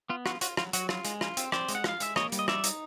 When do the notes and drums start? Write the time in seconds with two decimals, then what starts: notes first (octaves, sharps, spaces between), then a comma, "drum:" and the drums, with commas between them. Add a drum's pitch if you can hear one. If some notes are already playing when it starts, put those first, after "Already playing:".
0.10 B3 F4
0.26 F4 F#4, drum: rim click
0.41 F4 F#4, drum: hi-hat
0.57 F#3 F4, drum: rim click
0.73 F#3 F#4, drum: hi-hat
0.89 F4, drum: rim click
1.05 G#3, drum: hi-hat
1.21 F4, drum: rim click
1.37 C4, drum: hi-hat
1.52 C4 C5 D5, drum: rim click
1.69 G#3, drum: hi-hat
1.75 F#5
1.84 F4 F5, drum: rim click
2.00 G#3 E5, drum: hi-hat
2.16 A#3 C#5 D#5, drum: rim click
2.32 G3, drum: hi-hat
2.39 D#5
2.48 D#4 D5 E5, drum: rim click
2.64 D#4, drum: hi-hat